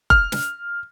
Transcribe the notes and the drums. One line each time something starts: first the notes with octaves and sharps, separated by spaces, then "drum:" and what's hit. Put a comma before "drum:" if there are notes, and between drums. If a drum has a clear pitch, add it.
F6, drum: kick F1
drum: snare